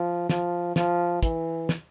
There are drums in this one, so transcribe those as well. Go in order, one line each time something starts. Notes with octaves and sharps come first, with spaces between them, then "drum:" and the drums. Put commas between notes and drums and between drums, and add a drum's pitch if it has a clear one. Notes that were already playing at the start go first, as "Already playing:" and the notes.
Already playing: F3
F3, drum: snare
F3, drum: snare
E3, drum: kick, hi-hat
drum: snare